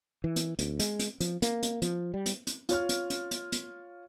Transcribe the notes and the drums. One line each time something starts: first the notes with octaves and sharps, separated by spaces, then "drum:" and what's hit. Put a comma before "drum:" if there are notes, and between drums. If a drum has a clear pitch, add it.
E3
drum: hi-hat
D2, drum: hi-hat
G#3, drum: hi-hat
drum: hi-hat
F3, drum: hi-hat
A#3, drum: hi-hat
drum: hi-hat
F3, drum: hi-hat
G3
drum: hi-hat
drum: hi-hat
F4 C#5 F6, drum: hi-hat
drum: hi-hat
drum: hi-hat
drum: hi-hat
drum: hi-hat